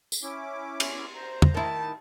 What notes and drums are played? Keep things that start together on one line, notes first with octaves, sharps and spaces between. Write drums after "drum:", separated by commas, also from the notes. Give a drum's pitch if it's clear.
drum: tambourine
C#4 E4 D6
drum: cymbal
C5 A#5
drum: tom
D#3 E4 A5